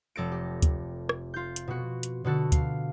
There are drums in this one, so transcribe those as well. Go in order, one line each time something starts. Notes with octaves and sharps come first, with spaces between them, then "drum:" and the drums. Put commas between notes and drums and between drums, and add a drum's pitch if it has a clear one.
F1 A4 A#6 D7
G4
drum: kick D2, hi-hat
drum: rim click
F4 G6
drum: hi-hat
B2 F#4
drum: hi-hat
B2 D3 F#4 A4
F5, drum: kick D2, hi-hat